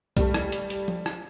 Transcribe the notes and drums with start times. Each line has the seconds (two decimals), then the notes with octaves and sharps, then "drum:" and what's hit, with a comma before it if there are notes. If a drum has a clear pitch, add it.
0.17 G3 A3, drum: kick, hi-hat
0.34 drum: rim click
0.52 drum: hi-hat
0.70 drum: hi-hat
0.88 drum: tom F3
1.06 drum: rim click